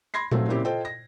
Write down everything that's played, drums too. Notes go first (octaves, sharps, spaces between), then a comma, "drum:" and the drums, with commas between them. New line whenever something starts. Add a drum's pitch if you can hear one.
B5 C6 G#6 A#6 C7
F3 F#3 A3 C4 F4, drum: tom A#2
A#2 C#3 C4 E4 G4
F4 A4 C5 D#5 G5
A#6